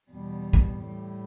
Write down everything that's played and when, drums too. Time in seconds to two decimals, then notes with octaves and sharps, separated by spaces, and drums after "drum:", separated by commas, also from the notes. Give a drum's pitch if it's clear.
0.11 E2 B2 G3
0.53 drum: kick
0.83 A2 G3